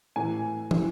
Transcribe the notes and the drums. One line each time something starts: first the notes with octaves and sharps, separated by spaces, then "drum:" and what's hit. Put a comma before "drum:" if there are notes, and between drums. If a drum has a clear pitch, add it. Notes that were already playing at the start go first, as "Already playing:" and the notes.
A2 E3 G#5
E3, drum: tom